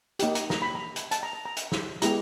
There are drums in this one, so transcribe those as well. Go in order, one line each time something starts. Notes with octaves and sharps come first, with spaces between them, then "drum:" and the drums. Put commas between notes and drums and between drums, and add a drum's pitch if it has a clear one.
A#3 D#4 G4, drum: hi-hat
A#5, drum: hi-hat
A#5, drum: snare
B5
A#5
drum: hi-hat
A5, drum: hi-hat
A#5
A#5
A#5
drum: hi-hat
drum: snare
G#3 B3 E4 G4 A#5, drum: hi-hat